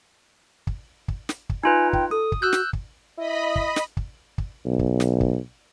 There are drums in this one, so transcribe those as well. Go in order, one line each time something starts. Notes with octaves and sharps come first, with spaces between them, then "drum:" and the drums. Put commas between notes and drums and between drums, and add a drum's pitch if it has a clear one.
drum: kick
drum: kick
drum: snare
drum: kick
D#4 F4 B4 G#5
G5, drum: kick
A4 D#6
drum: kick
F#4 E6 F#6 G6
drum: snare
drum: kick
E4 D#5 B5
drum: kick
drum: snare
drum: kick
drum: kick
B1
drum: kick
drum: snare
drum: kick